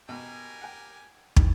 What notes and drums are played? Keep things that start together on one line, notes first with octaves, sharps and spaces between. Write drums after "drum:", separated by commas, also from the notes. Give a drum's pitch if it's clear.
B2 G4 A#4 G#5
F#5 G5
D#3 E3 G3, drum: kick